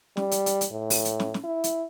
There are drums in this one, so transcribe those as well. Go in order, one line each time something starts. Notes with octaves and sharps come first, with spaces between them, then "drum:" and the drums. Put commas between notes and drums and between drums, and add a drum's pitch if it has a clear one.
G3, drum: snare
drum: hi-hat
drum: hi-hat
drum: hi-hat
A2
drum: open hi-hat
drum: hi-hat
drum: snare
drum: snare
E4
drum: hi-hat